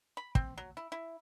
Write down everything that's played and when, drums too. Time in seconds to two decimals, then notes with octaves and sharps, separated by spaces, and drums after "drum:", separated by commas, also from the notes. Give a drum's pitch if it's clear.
0.17 B5
0.35 C4, drum: kick
0.58 F#3
0.77 E4
0.92 E4